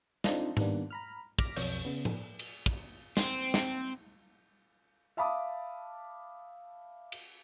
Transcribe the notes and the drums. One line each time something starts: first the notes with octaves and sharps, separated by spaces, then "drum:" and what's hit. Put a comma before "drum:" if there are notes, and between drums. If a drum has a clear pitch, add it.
C4 D4 D#4 F4 A4, drum: snare
D#3 G3 A#3 B3 D4, drum: tom G#2
A#5 B5 F6
D6 F6 A#6 B6, drum: kick
B1 F2 C#5 G6, drum: cymbal
C#3 B3
drum: tom A2
drum: cymbal
drum: kick
C4, drum: snare
drum: snare
E5 F5 A5 B5 D6 D#6
drum: cymbal